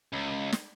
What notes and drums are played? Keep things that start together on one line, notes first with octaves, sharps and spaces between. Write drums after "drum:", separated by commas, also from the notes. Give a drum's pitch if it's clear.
C#2
drum: snare